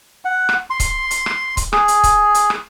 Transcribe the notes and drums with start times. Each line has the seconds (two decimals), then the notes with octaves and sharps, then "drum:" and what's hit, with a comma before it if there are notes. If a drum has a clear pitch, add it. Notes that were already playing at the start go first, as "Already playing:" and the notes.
0.25 F#5
0.49 drum: rim click
0.70 C6
0.80 drum: kick C#1, hi-hat
1.11 drum: hi-hat
1.26 drum: rim click
1.57 drum: kick C#1, hi-hat
1.73 G#4, drum: rim click
1.88 drum: hi-hat
2.04 drum: kick C#1, hi-hat
2.35 drum: hi-hat
2.50 drum: rim click